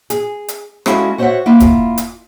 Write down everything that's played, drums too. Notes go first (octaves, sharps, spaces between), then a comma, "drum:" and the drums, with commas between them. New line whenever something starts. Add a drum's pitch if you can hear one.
G#4, drum: hi-hat
drum: hi-hat
G#3 C#4 E4 F#4 A4 F5, drum: rim click
F#4 C5 C#5 D#5 E5 F#5
A#3 E4 F4
drum: kick, hi-hat
drum: hi-hat